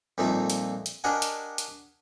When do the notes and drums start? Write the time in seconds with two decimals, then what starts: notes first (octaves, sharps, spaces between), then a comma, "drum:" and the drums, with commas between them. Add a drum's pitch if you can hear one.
0.18 F2 A#2 G3 A3 D#4
0.50 drum: hi-hat
0.86 drum: hi-hat
1.04 D4 G4 A#4 D#5 F#5 G#5
1.22 drum: hi-hat
1.58 drum: hi-hat